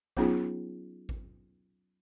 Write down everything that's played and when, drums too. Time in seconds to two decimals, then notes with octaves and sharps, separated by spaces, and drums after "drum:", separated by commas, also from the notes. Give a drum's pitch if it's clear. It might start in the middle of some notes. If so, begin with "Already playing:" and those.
0.17 F#3 B3 C#4 D#4 F4 G#4, drum: kick G#1
1.09 drum: kick G#1